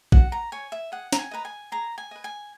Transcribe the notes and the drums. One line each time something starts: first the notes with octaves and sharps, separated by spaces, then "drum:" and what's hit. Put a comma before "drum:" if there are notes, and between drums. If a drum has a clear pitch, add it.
F#4 F#5, drum: kick A1
A#5
C#5 G#5
E5
G#4 F#5
A#5, drum: snare
G#5
B4 D#5 A#5
G#5
G#4 A#5
G#5
B4 D#5
G#5